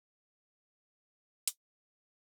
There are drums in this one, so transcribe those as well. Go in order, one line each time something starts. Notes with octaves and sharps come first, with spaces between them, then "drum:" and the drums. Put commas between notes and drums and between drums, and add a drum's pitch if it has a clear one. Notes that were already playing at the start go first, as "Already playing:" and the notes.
F4, drum: hi-hat